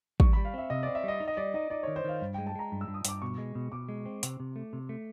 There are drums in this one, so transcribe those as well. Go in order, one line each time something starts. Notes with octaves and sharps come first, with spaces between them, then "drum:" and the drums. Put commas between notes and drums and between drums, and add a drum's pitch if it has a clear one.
G3 C#6, drum: kick
B5
G3
F5
C4 E5
C3 D#5
D5
C4
E5
G3 D#5
D#4
D#5
G3 D5
D#4 D#5
D#4 D5
C#5
D#3
C5
D#3 F5
G2
G5
G#3
A5
G#3 A#5
G2
E6
G2
D#6
G2 D6, drum: hi-hat
B2 C#6
G#3
B2
B2 D6
G#3
C4
C3, drum: hi-hat
C3
A3
C3
A3